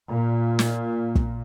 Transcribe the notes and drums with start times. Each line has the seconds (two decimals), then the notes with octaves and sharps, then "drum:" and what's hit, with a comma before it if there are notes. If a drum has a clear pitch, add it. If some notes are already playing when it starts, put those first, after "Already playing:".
0.10 A#2
0.59 drum: snare
1.15 drum: kick